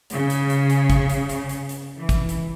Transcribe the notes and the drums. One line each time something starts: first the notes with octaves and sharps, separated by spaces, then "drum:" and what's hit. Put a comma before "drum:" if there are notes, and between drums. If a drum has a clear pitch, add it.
C#3, drum: hi-hat
drum: hi-hat
drum: hi-hat
drum: hi-hat
drum: kick, hi-hat
drum: hi-hat
drum: hi-hat
drum: hi-hat
drum: hi-hat
E3
drum: kick, hi-hat
drum: hi-hat